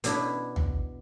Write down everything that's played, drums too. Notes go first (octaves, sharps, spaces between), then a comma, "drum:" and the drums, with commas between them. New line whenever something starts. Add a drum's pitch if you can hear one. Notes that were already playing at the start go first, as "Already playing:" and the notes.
B2 D4 E4, drum: hi-hat
drum: tom